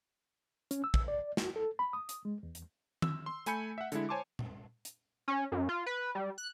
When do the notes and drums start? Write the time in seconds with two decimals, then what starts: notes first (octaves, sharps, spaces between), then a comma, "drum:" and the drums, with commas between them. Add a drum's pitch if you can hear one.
0.71 C#4, drum: hi-hat
0.84 E6
0.94 drum: kick
1.08 D5
1.37 F#4, drum: snare
1.56 A4
1.79 B5
1.93 D#6
2.09 drum: hi-hat
2.25 G#3
2.43 E2
2.55 drum: hi-hat
3.02 E6, drum: tom D#3
3.26 C6
3.46 A3 G#5 B5 G6 C#7, drum: hi-hat
3.78 E5 F#5
3.92 D3 G#3 E4, drum: hi-hat
4.09 C5 C#5 G#5 A5 C6 D6
4.39 drum: tom A#2
4.85 drum: hi-hat
5.28 C#4
5.52 F#2
5.69 F4
5.86 B4
6.15 G3
6.38 F#6